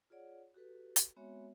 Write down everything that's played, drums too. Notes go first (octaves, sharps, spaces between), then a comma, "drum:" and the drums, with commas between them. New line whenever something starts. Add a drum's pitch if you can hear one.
F4 G#4 C#5 D5 F#5
F#4 G4 A4 B4
drum: hi-hat
G#3 B3 C4 F#4 C#5 E5